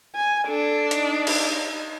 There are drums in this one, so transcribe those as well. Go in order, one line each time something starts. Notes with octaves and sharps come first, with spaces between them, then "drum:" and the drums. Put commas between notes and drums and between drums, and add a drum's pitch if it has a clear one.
G#5
D4 A4
D#4, drum: hi-hat
drum: cymbal